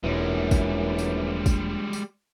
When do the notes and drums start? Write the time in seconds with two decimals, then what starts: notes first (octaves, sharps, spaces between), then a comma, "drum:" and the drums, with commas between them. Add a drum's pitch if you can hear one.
0.04 E1 A#1 F#2 E3 G3 G#3
0.51 drum: kick, tambourine
0.98 drum: tambourine
1.46 drum: kick, tambourine
1.93 drum: tambourine